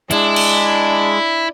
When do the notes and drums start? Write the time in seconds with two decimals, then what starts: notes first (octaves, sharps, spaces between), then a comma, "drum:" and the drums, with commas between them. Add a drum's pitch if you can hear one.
0.11 G#3 D4 E4, drum: hi-hat
0.36 drum: cymbal